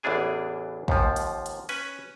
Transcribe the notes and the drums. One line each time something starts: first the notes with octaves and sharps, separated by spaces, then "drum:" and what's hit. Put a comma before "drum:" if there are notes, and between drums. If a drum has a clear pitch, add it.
A1 E2 E3 D4 G#4 G#5
D#2 G#2 F3, drum: kick
drum: hi-hat
drum: hi-hat
C#4 B4 G#5, drum: cymbal